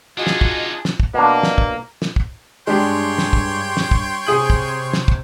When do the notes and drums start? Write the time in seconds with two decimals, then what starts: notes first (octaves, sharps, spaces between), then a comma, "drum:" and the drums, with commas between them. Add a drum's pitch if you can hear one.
0.18 D4 D#4 F4 F#4 G#4 D#5
0.27 drum: snare
0.41 drum: kick
0.85 drum: snare
1.00 drum: kick
1.14 B2 A#3 D4
1.43 drum: snare
1.58 drum: kick
2.02 drum: snare
2.16 drum: kick
2.67 G2 G#3 D4 G4 C#5 G5 C6
3.18 drum: snare
3.33 drum: kick
3.77 drum: snare
3.91 drum: kick
4.27 C3 G#4 D#6 F#7
4.50 drum: kick
4.93 drum: snare
5.08 drum: kick